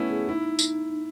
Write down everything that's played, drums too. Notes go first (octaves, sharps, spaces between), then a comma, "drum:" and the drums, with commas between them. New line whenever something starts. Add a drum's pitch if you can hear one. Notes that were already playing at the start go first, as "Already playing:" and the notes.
Already playing: A3 B3 C#4 E4
G#4
D#4 E4
drum: tambourine